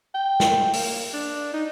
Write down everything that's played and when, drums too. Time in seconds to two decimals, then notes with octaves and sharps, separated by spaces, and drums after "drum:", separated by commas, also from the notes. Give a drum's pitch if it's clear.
0.15 G5
0.40 drum: snare
0.73 A#3, drum: open hi-hat
1.13 D4
1.53 D#4